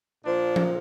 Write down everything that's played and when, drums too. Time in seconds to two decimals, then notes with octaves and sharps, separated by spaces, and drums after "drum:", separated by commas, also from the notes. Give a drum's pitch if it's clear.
0.23 A#2 F3 D4
0.56 drum: tom F3